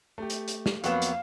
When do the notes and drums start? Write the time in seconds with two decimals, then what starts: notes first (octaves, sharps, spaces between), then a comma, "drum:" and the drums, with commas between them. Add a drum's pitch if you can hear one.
0.18 A3 G4
0.30 drum: hi-hat
0.48 drum: hi-hat
0.66 drum: snare
0.84 F2 F#3 A#3 B3 F5 E7, drum: hi-hat
1.02 drum: hi-hat